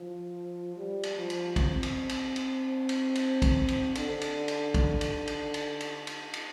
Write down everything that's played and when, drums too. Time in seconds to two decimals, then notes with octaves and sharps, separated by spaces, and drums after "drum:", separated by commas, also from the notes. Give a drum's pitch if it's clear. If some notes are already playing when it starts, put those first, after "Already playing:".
Already playing: F3
0.77 G3
1.03 drum: cymbal
1.17 F3
1.30 drum: cymbal
1.56 C4, drum: kick, cymbal
1.83 drum: cymbal
2.09 drum: cymbal
2.36 drum: cymbal
2.89 drum: cymbal
3.15 drum: cymbal
3.42 drum: kick, cymbal
3.68 drum: cymbal
3.95 D3, drum: cymbal
4.21 drum: cymbal
4.48 drum: cymbal
4.74 drum: kick, cymbal
5.01 drum: cymbal
5.27 drum: cymbal
5.54 drum: cymbal
5.80 drum: cymbal
6.07 drum: cymbal
6.33 drum: cymbal